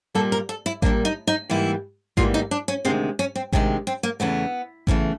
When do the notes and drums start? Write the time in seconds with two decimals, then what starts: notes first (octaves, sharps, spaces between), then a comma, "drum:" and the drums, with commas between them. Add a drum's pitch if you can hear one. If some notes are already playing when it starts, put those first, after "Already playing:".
0.15 A#2 G3 A#3 A4
0.32 A#4
0.49 A4
0.66 E4
0.82 A#2 G3 A#3 D4, drum: kick A1
1.05 D#4
1.27 D#4
1.50 G#2 E3 G3 A#3 E4
2.17 G#2 E3 G3 A#3 F4, drum: kick A1
2.34 D#4
2.51 D4
2.68 C#4
2.85 D2 C3 D#3 G#3 C4
3.19 C#4
3.36 C4
3.53 D2 C3 D#3 G#3 C4, drum: kick A1
3.87 C4
4.03 A#3
4.20 E2 C#3 E3 A3 B3
4.87 E2 C#3 E3 A3, drum: kick A1